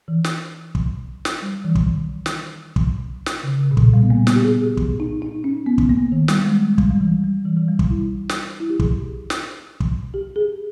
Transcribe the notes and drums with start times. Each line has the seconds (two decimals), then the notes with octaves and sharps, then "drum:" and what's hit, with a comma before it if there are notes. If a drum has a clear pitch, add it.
0.08 E3
0.24 drum: snare
0.75 drum: kick
1.25 drum: snare
1.42 G3
1.64 E3
1.75 drum: kick
1.87 D#3
2.26 drum: snare
2.76 drum: kick
3.26 drum: snare
3.43 C#3
3.60 C#3
3.71 A#2
3.77 B2, drum: kick
3.94 G3
4.02 B3
4.10 A#3
4.27 B3, drum: snare
4.35 G4
4.44 G#4
4.61 G#4
4.77 drum: kick
5.00 D#4
5.22 D#4
5.44 C#4
5.66 B3
5.78 drum: kick
5.89 A#3
6.12 D#3
6.28 G3, drum: snare
6.45 G#3
6.62 G#3
6.78 G3, drum: kick
6.91 G3
7.01 E3
7.24 G3
7.45 E3
7.57 E3
7.68 G3
7.79 drum: kick
7.90 E4
8.29 drum: snare
8.60 E4
8.70 G4
8.80 G#4, drum: kick
9.30 drum: snare
9.80 drum: kick
10.14 G4
10.36 G#4